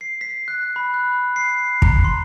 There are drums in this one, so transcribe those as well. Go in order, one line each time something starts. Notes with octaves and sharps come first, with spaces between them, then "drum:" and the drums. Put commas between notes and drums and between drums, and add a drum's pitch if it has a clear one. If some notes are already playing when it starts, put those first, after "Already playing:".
C7
B6
F#6
B5
F#6
C7
A#5, drum: kick
C6